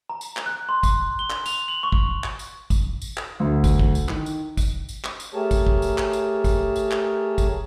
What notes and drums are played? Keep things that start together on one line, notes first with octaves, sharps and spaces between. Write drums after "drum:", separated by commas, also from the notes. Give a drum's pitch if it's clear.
A#5
drum: tambourine
drum: clap
F#6
C6
drum: kick, tambourine
G7
drum: clap
F7, drum: tambourine
F#7
C#6
drum: kick
drum: clap
drum: tambourine
drum: kick, tambourine
drum: tambourine
drum: clap
D2
drum: kick, tambourine
drum: kick
drum: tambourine
D#3, drum: clap
drum: tambourine
drum: kick, tambourine
drum: tambourine
drum: clap
drum: tambourine
A3 G4 G#4 A#4 C#5 A5
drum: kick, tambourine
drum: kick
drum: tambourine
drum: clap
drum: tambourine
drum: kick, tambourine
drum: tambourine
drum: clap
drum: kick, tambourine